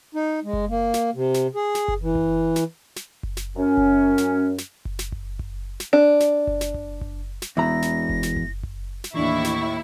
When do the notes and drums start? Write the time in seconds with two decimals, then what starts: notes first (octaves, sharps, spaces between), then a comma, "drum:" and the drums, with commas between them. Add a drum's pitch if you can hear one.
0.15 D#4
0.44 G#3
0.53 drum: kick F#1
0.69 A#3
0.94 drum: snare
1.15 C3
1.34 drum: snare
1.55 G#4
1.75 drum: snare
1.88 drum: kick F#1
2.02 E3
2.15 drum: kick F#1
2.56 drum: snare
2.96 drum: snare
3.23 drum: kick F#1
3.37 drum: snare
3.56 F#2 C#4
3.77 drum: kick F#1
4.18 drum: snare
4.58 drum: snare
4.85 drum: kick F#1
4.99 drum: snare
5.12 drum: kick F#1
5.39 drum: kick F#1
5.80 drum: snare
5.93 D4
6.20 drum: snare
6.47 drum: kick F#1
6.61 drum: snare
6.74 drum: kick F#1
7.01 drum: kick F#1
7.42 drum: snare
7.57 E1 E2 E4 A#5 A#6
7.82 drum: snare
8.09 drum: kick F#1
8.23 drum: snare
8.36 drum: kick F#1
8.63 drum: kick F#1
9.04 drum: snare
9.15 D#2 A2 E3 D4 E4 C#6
9.44 drum: snare